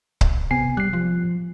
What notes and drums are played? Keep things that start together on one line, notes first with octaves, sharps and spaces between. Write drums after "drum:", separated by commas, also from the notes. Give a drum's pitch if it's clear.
drum: kick C#1
C3 B3 G#5 C7
G3 F#6 C7
F3